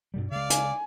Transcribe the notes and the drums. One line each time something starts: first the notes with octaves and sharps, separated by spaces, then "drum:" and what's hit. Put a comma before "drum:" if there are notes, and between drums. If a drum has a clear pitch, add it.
G2 B2 G3
C#3 G#3 D5 F5
G#5, drum: hi-hat